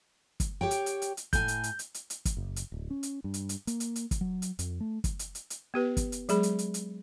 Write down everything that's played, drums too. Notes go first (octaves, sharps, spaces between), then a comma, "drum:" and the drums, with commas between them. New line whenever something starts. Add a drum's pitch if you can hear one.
drum: kick, hi-hat
G4 C#5 G5
drum: hi-hat
drum: hi-hat
drum: hi-hat
drum: hi-hat
A2 G#5 G6, drum: kick, hi-hat
drum: hi-hat
drum: hi-hat
drum: hi-hat
drum: hi-hat
drum: hi-hat
drum: kick, hi-hat
F#1
drum: hi-hat
D1
C#4
drum: hi-hat
G2
drum: hi-hat
drum: hi-hat
A#3, drum: hi-hat
drum: hi-hat
drum: hi-hat
drum: kick, hi-hat
F#3
drum: hi-hat
F2, drum: hi-hat
A3
drum: kick, hi-hat
drum: hi-hat
drum: hi-hat
drum: hi-hat
B3 G4 B4
drum: kick, hi-hat
drum: hi-hat
F#3 G#3 G#4 B5, drum: hi-hat
drum: hi-hat
drum: hi-hat
drum: hi-hat